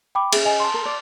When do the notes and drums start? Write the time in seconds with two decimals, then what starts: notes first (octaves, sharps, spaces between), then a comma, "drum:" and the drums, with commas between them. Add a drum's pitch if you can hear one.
0.15 G5 B5 D6
0.33 C#4 G#4 E5, drum: cymbal
0.45 D#5 G#5
0.60 A5 C6
0.74 A#4
0.85 D5